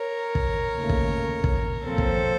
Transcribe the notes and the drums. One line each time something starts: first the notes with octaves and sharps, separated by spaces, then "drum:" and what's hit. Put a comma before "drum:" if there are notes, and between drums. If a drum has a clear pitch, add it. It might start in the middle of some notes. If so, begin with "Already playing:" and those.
Already playing: A#4 C#5
drum: kick
D#2 C#3 A3
drum: kick
drum: kick
A#2 F3 C4 A4 C5
drum: kick